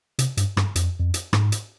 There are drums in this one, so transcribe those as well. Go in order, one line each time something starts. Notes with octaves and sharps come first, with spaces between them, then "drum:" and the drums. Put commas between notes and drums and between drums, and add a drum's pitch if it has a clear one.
C3, drum: hi-hat
G2, drum: hi-hat
G2, drum: rim click
F2, drum: hi-hat
F2
drum: hi-hat
G#2, drum: rim click
drum: hi-hat